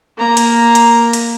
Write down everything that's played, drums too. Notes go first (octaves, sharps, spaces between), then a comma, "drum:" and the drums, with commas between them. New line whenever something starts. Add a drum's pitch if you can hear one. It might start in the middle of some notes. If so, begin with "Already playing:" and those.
A#3 A#5
drum: hi-hat
drum: hi-hat
drum: hi-hat